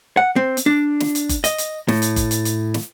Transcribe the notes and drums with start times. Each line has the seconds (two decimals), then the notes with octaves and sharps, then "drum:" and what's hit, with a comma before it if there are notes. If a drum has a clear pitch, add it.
0.17 F#5
0.36 C4
0.57 drum: hi-hat
0.66 D4
1.00 drum: snare
1.15 drum: hi-hat
1.29 drum: kick F#1, hi-hat
1.44 D#5, drum: hi-hat
1.58 drum: hi-hat
1.88 A2, drum: snare
2.02 drum: hi-hat
2.16 drum: kick F#1, hi-hat
2.31 drum: hi-hat
2.45 drum: hi-hat
2.74 drum: snare